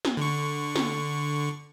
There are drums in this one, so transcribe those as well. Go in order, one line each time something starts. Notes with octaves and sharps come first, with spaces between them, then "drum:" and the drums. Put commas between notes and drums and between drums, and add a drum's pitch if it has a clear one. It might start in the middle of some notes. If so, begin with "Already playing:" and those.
drum: snare
D3 C#6
drum: snare